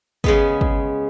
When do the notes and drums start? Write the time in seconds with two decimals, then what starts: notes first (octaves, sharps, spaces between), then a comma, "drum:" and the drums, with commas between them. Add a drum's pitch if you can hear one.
0.24 C#3 G#3 B3, drum: kick
0.61 drum: kick